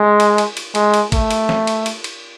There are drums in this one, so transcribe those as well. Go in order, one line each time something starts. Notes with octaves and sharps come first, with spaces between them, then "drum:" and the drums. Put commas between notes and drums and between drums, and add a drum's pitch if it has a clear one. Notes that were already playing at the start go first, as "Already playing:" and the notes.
Already playing: G#3
drum: cymbal
drum: cymbal
drum: cymbal
G#3, drum: cymbal
drum: cymbal
A3, drum: kick, cymbal
drum: cymbal
drum: snare
drum: cymbal
drum: cymbal
drum: cymbal